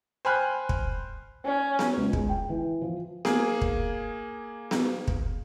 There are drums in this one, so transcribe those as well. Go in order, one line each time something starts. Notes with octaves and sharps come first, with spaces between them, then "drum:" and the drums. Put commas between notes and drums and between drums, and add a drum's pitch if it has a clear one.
C5 G5 G#5 B5 F6 F#6
drum: kick
C#4
drum: snare B3
C#2
G#3, drum: kick
G5
E3
F3
A#3 G#4, drum: snare B3
drum: kick
drum: snare B3
drum: kick